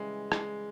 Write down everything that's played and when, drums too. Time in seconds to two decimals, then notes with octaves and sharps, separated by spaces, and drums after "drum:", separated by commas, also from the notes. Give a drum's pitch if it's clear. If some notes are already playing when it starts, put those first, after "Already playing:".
Already playing: C#3 E3 G3 G#3
0.32 G#3, drum: rim click